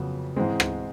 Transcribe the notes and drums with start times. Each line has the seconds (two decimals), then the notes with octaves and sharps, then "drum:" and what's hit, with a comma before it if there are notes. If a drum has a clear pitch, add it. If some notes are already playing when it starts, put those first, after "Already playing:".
Already playing: F2 C#3 F#3 B3
0.36 G#2 E3 G#3 C4
0.60 drum: rim click